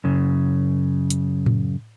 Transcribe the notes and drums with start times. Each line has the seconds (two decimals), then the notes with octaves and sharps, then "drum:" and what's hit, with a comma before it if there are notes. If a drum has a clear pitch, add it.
0.04 F#2 C#3
1.10 drum: hi-hat
1.46 drum: tom A2